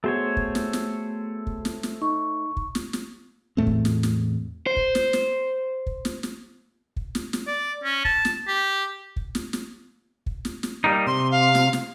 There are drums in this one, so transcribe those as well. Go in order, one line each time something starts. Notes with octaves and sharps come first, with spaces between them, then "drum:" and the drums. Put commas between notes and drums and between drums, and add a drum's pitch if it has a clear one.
A3 B3 F#4 G#4 C5 C#5
drum: kick
drum: snare
drum: snare
drum: kick
drum: snare
drum: snare
D#4 C#6
drum: kick
drum: snare
drum: snare
E2 A2 A3 C4
drum: kick
drum: snare
drum: snare
C5
drum: kick
drum: snare
drum: snare
drum: kick
drum: snare
drum: snare
drum: kick
drum: snare
drum: snare
D5
C#4
A5, drum: kick
drum: snare
G4
drum: kick
drum: snare
drum: snare
drum: kick
drum: snare
drum: snare
G3 A#3 D#4
C3 C6
F5
drum: snare
drum: snare